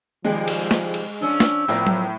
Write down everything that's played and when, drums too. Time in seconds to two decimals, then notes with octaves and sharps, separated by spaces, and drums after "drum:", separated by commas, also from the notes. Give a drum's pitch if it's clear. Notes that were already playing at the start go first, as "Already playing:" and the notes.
0.25 C3 D#3 F3 G3 G#3
0.48 drum: cymbal
0.71 drum: snare
0.94 drum: cymbal
1.22 F3 C#4 D4 E6
1.40 drum: snare
1.68 A2 F3 B3 A#4 D5
1.87 drum: tom F#3